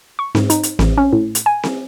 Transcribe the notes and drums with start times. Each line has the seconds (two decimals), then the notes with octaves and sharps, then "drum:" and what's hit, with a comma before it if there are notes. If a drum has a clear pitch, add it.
0.19 C#6
0.35 G#2, drum: snare C4
0.50 D#4, drum: hi-hat
0.63 drum: hi-hat
0.79 A1, drum: snare C4
0.98 C#4
1.13 A2
1.35 drum: hi-hat
1.46 G#5
1.63 drum: snare C4